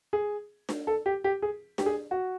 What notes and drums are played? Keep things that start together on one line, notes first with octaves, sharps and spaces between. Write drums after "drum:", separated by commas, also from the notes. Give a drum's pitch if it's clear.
G#4
drum: snare D4
A4
G4
G4
G#4
G4, drum: snare D4
G#4
F#4